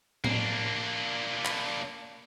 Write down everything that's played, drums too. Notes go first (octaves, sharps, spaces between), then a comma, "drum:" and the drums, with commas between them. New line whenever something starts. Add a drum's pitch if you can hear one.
A#3 D4, drum: tom A2
drum: clap